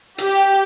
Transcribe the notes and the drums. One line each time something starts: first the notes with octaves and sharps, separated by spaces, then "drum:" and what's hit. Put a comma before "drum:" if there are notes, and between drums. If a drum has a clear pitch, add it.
G4, drum: hi-hat